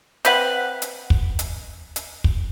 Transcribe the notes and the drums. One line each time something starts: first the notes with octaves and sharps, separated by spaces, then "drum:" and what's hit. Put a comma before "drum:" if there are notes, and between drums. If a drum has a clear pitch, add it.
C4 B4 F#5, drum: hi-hat
drum: hi-hat
drum: kick
drum: hi-hat
drum: hi-hat
drum: kick